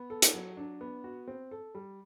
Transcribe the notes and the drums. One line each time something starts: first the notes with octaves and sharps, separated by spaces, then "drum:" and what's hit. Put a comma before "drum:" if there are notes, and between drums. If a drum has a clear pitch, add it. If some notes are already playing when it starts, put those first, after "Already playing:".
Already playing: B3
A4
drum: hi-hat
F#3
D4
B3
F#4
C4
A4
G3